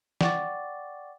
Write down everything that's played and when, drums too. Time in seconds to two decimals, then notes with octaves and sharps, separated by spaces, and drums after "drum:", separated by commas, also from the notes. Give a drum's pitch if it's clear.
0.21 D5 F#5 G5 C#6 D6 A6, drum: snare